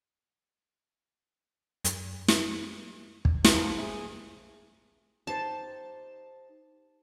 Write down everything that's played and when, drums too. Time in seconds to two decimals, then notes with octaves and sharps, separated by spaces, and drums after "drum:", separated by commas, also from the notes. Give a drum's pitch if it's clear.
1.84 F#2, drum: hi-hat
2.28 drum: snare
3.25 drum: kick
3.44 F3 A#4 B4 G5, drum: snare
3.78 G#4 E5
5.27 D#4 G4 C5 A5